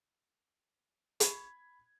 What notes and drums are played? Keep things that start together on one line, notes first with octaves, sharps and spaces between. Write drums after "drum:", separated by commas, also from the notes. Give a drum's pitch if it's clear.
B5 G#6, drum: hi-hat